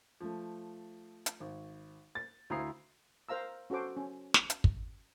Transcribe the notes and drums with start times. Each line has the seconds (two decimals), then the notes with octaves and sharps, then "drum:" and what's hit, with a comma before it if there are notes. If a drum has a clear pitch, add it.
0.21 F3 A3
1.26 drum: hi-hat
1.40 G#1
2.15 A6
2.50 D2 E4 F5 A#5 D#6 C7
3.29 A#4 C5 F5 A#5 E6
3.70 C#4 F#4 A4 C5 D6
3.97 C#4
4.34 drum: snare
4.50 drum: hi-hat
4.64 drum: kick